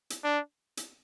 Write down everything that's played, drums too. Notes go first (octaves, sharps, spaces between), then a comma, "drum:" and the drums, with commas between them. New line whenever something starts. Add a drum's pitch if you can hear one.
drum: hi-hat
D4
drum: hi-hat